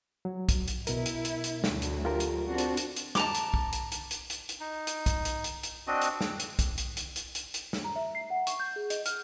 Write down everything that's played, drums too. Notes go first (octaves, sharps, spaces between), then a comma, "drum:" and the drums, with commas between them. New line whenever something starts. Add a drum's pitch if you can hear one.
F#3
drum: kick B1, hi-hat
drum: hi-hat
B2 E4 A#4, drum: hi-hat
drum: hi-hat
drum: hi-hat
drum: hi-hat
D2 F#3 A3, drum: snare
drum: hi-hat
F4 G4 A#4
drum: hi-hat
C4 D4 F#4
drum: hi-hat
drum: hi-hat
drum: hi-hat
A5 A#5 D6, drum: snare
drum: hi-hat
drum: kick B1
drum: hi-hat
drum: hi-hat
drum: hi-hat
drum: hi-hat
drum: hi-hat
D#4
drum: hi-hat
drum: kick B1, hi-hat
drum: hi-hat
drum: hi-hat
drum: hi-hat
C4 D4 F#4 D#5
drum: hi-hat
drum: snare
drum: hi-hat
drum: kick B1, hi-hat
drum: hi-hat
drum: hi-hat
drum: hi-hat
drum: hi-hat
drum: hi-hat
drum: snare
A#5
E5
C7
F#5
C#6, drum: hi-hat
G6
G#4
D#5, drum: hi-hat
F6, drum: hi-hat